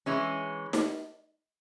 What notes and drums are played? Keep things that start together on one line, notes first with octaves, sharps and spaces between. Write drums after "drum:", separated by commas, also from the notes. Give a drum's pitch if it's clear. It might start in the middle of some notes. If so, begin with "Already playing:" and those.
E3 G#3 C#4
drum: snare D#4